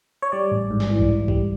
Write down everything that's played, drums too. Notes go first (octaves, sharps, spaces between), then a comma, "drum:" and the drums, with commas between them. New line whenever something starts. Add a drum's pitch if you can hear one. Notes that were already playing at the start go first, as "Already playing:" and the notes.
C#5
G3 D5
A1
G#2
drum: snare
E3
drum: kick A#1
E3
G3, drum: kick A#1